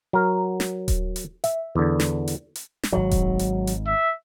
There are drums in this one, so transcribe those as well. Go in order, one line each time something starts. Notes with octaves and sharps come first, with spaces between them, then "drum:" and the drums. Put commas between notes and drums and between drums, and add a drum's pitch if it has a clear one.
F#3 A#4
drum: snare
drum: kick D#1, hi-hat
drum: hi-hat
E5, drum: hi-hat
E2 D3
drum: snare
drum: hi-hat
drum: hi-hat
drum: snare
G#1 G#2 F#3
drum: kick D#1, hi-hat
drum: hi-hat
drum: hi-hat
E5